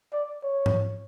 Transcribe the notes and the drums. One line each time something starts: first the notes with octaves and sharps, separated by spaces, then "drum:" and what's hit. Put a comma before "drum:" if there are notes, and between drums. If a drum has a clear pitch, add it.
D5
C#5
drum: tom G#2